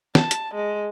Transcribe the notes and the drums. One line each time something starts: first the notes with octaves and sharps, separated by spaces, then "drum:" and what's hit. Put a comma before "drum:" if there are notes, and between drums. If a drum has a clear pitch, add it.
A5, drum: snare
drum: hi-hat
G#3